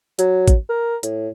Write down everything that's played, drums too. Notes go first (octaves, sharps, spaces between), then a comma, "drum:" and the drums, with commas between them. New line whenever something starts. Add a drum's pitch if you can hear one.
F#3, drum: hi-hat
drum: kick, hi-hat
A#4
A2, drum: hi-hat